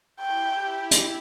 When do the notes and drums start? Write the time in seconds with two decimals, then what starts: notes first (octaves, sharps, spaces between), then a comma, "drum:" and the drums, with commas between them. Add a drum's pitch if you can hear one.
0.20 E4 G4 G5
0.91 drum: hi-hat